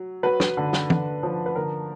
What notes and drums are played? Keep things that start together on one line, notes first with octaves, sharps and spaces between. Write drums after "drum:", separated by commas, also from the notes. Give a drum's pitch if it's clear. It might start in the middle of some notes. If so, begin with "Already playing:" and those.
Already playing: F#3
F#3 B4
drum: snare
D3
drum: snare
D3, drum: tom
F3
B4
D3 A#4